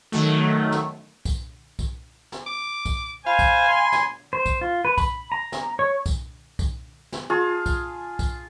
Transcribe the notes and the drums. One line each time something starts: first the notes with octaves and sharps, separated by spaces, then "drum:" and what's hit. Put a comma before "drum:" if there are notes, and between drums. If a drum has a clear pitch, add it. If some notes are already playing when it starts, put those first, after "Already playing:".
D#3 F#3 A3
drum: snare
drum: kick B1, tambourine
drum: kick B1, tambourine
drum: snare
D6
drum: kick B1, tambourine
C5 F5 G#5 B5
drum: kick B1, tambourine
C6
drum: snare
C5
drum: kick B1, tambourine
F4
B4
B5, drum: kick B1, tambourine
A#5
drum: snare
C#5
drum: kick B1, tambourine
drum: kick B1, tambourine
drum: snare
F4 G#4 A5
drum: kick B1, tambourine
drum: kick B1, tambourine